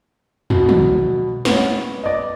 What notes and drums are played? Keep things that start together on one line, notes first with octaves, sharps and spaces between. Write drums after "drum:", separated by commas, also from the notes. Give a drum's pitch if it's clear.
B2, drum: tom
drum: tom
B3 C#4 C#5, drum: snare
D5 D#5